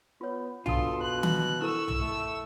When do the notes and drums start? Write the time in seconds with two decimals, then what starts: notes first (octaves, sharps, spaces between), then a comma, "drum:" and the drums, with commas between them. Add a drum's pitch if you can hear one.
0.21 B3 F4 C#5
0.66 B2 D4 F4 A4 C6 D#6, drum: tom B1
1.01 F#4 F#6
1.23 drum: tom D#3
1.61 E4 A4 A#4 C#6 E6
1.88 drum: tom B1
2.00 A3